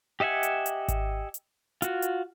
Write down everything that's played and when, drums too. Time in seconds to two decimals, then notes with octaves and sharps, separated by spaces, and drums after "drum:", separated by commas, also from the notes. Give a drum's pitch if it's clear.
0.20 G4 D#5 E5 F#5 G#5
0.43 drum: hi-hat
0.66 drum: hi-hat
0.88 drum: kick G#1, hi-hat
1.34 drum: hi-hat
1.82 F4 F#4, drum: hi-hat
2.02 drum: hi-hat